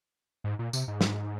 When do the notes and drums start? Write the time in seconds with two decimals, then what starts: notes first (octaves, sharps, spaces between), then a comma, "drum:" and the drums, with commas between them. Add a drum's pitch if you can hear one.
0.44 G#2
0.59 A#2
0.73 C3, drum: tambourine
0.88 G#2
1.01 drum: snare